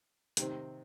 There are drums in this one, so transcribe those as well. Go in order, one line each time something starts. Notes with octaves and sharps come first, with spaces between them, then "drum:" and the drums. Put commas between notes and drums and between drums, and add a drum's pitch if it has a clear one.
C3 D#3 C4, drum: hi-hat